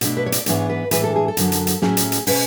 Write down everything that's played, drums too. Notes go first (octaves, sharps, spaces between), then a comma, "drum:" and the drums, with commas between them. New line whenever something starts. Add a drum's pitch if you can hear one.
B2 A3 D4, drum: hi-hat
B4
C#5
D5, drum: hi-hat
G#2 E3 B3 D4 C#5, drum: hi-hat
B4
A2 E3 G#3 D4 B4, drum: hi-hat
A4
G#4
A4
F#2 D3 F#3, drum: hi-hat
drum: hi-hat
drum: hi-hat
A2 F#3 A3 C#4 G#4, drum: snare
drum: hi-hat
drum: hi-hat
B2 G#3 C#4 B4, drum: open hi-hat